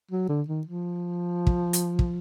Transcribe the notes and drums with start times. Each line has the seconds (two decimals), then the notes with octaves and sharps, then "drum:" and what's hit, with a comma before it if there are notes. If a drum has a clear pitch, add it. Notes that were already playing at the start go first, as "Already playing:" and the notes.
0.11 F#3
0.29 D3
0.48 D#3
0.67 F3
1.47 drum: kick
1.73 drum: hi-hat
1.99 drum: kick